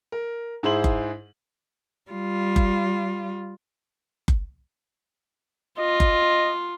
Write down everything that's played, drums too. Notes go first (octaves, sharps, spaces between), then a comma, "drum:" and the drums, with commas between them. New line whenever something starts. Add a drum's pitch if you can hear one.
A#4
G#2 E4 G#4 C5 F#7
drum: kick F#1
G3 F4
drum: kick F#1
drum: kick F#1
F4 D#5
drum: kick F#1